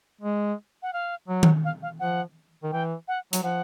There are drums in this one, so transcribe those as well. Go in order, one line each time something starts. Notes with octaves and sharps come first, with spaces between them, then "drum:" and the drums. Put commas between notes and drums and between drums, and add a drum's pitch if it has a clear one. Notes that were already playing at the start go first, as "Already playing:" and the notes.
G#3
F#5
F5
F#3
drum: tom D#3
F5
F5
F3 F#5
D#3
E3 G5
F#5
F#3, drum: hi-hat
F3 F#5